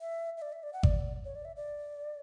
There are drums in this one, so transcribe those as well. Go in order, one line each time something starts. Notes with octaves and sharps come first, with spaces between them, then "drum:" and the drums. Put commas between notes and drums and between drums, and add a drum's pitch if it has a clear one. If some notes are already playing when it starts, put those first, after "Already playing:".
E5
E5
D5
E5
D5
F#5
D5, drum: kick G#1
C#5
D5
E5
D5